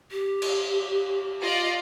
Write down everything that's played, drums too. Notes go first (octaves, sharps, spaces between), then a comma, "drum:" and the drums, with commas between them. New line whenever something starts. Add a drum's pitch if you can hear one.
G4
drum: cymbal
F4 D5 D#5